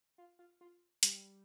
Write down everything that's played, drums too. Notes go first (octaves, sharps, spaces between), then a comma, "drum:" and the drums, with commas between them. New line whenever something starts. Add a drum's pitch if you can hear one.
F4
F4
F4
G3, drum: hi-hat